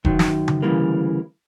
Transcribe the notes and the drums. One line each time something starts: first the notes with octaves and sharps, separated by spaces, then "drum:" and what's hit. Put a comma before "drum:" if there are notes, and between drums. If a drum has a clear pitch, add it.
F#2 D#3 F#3, drum: kick E1
drum: snare
drum: tom C#3
D2 C#3 E3 G3 A#3